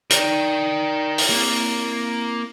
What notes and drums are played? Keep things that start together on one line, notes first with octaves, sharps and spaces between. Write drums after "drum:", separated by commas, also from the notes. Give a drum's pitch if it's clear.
D#4 A#4 D5 G5, drum: hi-hat
drum: open hi-hat
A#3 C4 E4